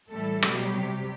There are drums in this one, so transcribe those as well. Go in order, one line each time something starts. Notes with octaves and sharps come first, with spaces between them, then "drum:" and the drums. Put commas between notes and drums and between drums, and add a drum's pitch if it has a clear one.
A2 E3 G3 A3 A4
B2 F#3 G3 G4, drum: rim click
C3 G3